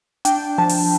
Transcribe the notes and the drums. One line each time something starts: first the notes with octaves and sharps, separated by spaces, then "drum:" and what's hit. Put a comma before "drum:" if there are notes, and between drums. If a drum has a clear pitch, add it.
D4 G5, drum: hi-hat
F3 A5
drum: open hi-hat